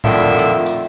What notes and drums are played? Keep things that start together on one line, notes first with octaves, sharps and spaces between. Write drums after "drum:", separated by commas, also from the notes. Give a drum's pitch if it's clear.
F2 A2 D3 D#3 F4 E5, drum: tom
drum: hi-hat
drum: tambourine